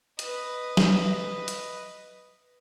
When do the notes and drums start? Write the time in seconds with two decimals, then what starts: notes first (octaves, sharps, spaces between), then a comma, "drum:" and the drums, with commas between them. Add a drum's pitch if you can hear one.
0.19 B4 D#5, drum: hi-hat
0.77 drum: snare
1.48 drum: hi-hat